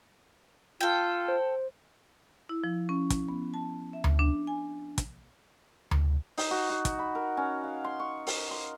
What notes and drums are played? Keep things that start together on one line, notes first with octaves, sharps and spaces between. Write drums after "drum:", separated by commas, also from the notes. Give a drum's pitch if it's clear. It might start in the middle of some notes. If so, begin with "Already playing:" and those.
F4 A4 G5
C5
E4
F3
C#4
drum: kick, hi-hat
B3
A5
E5
drum: tom D2
D4
G#5
drum: kick, hi-hat
drum: tom D2
D#4, drum: open hi-hat
F#4
F#4
drum: kick, hi-hat
B5
A#4
C#4
F5
C6
C#6
A#4, drum: open hi-hat
C6